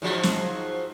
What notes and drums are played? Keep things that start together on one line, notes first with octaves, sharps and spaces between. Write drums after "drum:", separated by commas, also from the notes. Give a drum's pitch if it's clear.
G#2 F3 F#3
drum: snare